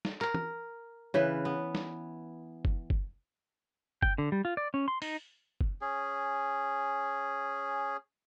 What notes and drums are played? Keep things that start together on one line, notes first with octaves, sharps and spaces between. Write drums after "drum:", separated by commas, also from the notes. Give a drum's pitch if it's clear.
drum: snare
A#4, drum: clap
drum: tom
C#3 E3 B4
B3
drum: snare
drum: kick
drum: kick
G5, drum: kick
D3
G3
F4
D5
C#4
C6
D#4, drum: open hi-hat
drum: kick
C#4 G#4